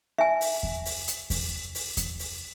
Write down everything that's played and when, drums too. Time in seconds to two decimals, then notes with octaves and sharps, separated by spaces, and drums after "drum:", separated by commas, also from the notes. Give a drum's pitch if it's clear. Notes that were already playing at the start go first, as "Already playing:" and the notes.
0.18 E5 G#5
0.41 drum: open hi-hat
0.63 drum: kick E2
0.85 drum: open hi-hat
1.08 drum: hi-hat
1.30 drum: kick E2, open hi-hat
1.75 drum: open hi-hat
1.97 drum: kick E2, hi-hat
2.19 drum: open hi-hat